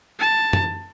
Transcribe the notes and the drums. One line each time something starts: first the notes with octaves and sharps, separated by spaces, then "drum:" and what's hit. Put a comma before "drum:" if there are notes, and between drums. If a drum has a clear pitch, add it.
A5
drum: tom